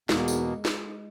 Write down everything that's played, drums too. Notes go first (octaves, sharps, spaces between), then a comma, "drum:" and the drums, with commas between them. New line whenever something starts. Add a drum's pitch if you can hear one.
E2 B2 G#3 A#3, drum: snare
drum: tambourine
drum: snare